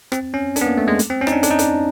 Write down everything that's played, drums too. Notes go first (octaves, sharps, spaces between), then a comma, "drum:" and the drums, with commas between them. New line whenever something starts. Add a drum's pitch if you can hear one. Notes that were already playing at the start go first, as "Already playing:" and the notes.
C4, drum: rim click
C#4
D4, drum: hi-hat
B3
A#3
A3
G#3
drum: hi-hat
C4
C#4
D#4, drum: rim click
D4
D4, drum: hi-hat
D#4
D4, drum: hi-hat